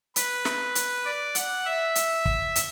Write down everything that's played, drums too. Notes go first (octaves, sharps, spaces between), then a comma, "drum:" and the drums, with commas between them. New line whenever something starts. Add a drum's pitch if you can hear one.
B4, drum: hi-hat
drum: snare
drum: hi-hat
D5
F#5, drum: hi-hat
E5
drum: hi-hat
drum: kick
drum: hi-hat